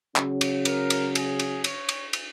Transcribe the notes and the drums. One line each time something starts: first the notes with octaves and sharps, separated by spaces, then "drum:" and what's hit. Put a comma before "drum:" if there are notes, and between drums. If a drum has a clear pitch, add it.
C#3 F#3 C#4, drum: clap
drum: cymbal
A#4, drum: cymbal
drum: cymbal
G#4, drum: cymbal
drum: cymbal
C#5, drum: cymbal
drum: cymbal
drum: cymbal